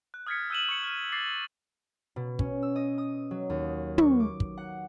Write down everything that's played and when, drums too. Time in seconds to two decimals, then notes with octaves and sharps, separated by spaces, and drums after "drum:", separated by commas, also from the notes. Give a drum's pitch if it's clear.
0.14 F#6
0.27 D#6 F6 G#6 A6 B6 C#7
0.50 E6 G6 D#7 E7 F#7
0.69 C#6 C#7
0.83 F6 D#7
1.12 D6 A6 C7
2.16 B2
2.39 C#4, drum: kick
2.62 E6
2.76 D#5
2.98 D#6
3.31 F#3
3.50 D#2
3.98 C#6, drum: tom
4.20 D6
4.40 drum: kick
4.58 F#5